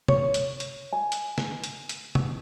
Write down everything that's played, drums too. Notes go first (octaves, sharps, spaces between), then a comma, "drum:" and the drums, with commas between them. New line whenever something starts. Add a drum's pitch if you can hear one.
C#5, drum: tom
drum: hi-hat
drum: hi-hat
G#5
drum: hi-hat
drum: snare
drum: hi-hat
drum: hi-hat
drum: tom